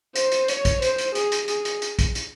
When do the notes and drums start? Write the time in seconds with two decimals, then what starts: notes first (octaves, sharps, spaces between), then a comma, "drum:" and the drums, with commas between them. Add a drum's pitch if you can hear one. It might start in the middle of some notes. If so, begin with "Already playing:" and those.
0.16 C5, drum: hi-hat
0.32 drum: hi-hat
0.48 C#5, drum: hi-hat
0.65 drum: kick, hi-hat
0.82 C5, drum: hi-hat
0.98 drum: hi-hat
1.15 G#4, drum: hi-hat
1.32 drum: hi-hat
1.48 G#4, drum: hi-hat
1.65 drum: hi-hat
1.82 drum: hi-hat
1.99 drum: kick, hi-hat
2.15 drum: hi-hat